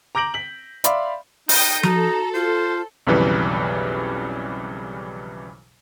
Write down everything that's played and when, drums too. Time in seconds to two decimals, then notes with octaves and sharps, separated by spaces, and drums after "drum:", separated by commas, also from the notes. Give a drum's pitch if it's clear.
0.15 A#5 D6 G6 A#6 D7 F#7
0.34 B6 F#7
0.84 D5 E5 F5 B5 C6, drum: hi-hat
1.49 D#4 G5 D#6 G6, drum: open hi-hat
1.83 F#4 A4 A#5, drum: tom F3
2.34 F4 C5
3.07 B1 F2 C#3 E3 G3 B4